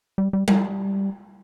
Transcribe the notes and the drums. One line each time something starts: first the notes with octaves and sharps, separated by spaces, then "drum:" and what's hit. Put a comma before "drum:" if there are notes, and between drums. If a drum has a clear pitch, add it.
G3
G3
G3, drum: tom G3